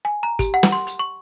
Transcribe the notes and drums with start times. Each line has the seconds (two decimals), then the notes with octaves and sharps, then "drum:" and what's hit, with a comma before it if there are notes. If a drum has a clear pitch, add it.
0.05 G#5
0.23 A#5
0.39 G4, drum: kick, hi-hat
0.54 F#5
0.63 drum: snare
0.72 C6
0.87 drum: hi-hat
0.99 C#6